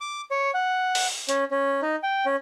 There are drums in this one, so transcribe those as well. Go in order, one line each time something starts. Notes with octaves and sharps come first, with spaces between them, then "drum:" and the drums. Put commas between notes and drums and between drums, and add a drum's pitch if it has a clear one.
D6
C#5
F#5
drum: open hi-hat
C#4, drum: hi-hat
C#4
D#4
G5
C#4